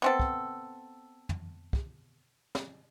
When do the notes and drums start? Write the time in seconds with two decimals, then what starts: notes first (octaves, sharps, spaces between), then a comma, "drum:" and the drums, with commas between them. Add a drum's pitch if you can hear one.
0.02 B3 C4 A4
0.20 drum: kick
1.29 drum: tom
1.73 drum: kick
2.55 drum: snare